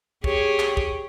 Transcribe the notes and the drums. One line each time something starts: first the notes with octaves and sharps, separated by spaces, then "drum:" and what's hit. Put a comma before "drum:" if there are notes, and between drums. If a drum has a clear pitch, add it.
G4 G#4 C#5, drum: kick B1
drum: clap
drum: kick B1